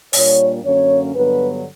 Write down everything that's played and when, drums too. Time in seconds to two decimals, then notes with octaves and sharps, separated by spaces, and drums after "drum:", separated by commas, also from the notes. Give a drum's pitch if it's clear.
0.13 A#2 G3 A#3 D4 C#5, drum: open hi-hat
0.63 F#2 D3 A#3 C#4 C#5
1.14 G2 D3 F#3 B3 B4